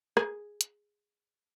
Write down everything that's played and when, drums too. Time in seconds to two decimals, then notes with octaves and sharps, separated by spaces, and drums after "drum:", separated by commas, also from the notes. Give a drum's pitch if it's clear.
0.17 G#4, drum: rim click
0.61 drum: hi-hat